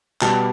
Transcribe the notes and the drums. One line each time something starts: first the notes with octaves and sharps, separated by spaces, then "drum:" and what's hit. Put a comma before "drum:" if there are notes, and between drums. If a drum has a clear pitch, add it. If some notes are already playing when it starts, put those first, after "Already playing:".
B2 G3 B3 A5, drum: clap